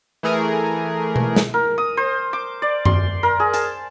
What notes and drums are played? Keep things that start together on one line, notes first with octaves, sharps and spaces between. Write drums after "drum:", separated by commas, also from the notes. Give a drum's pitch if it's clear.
E3 A3 G#4 A#4
drum: tom B2
drum: snare
A#4
D#6
C5
D6
D5
C6, drum: tom F#2
A#4
G#4
A5, drum: hi-hat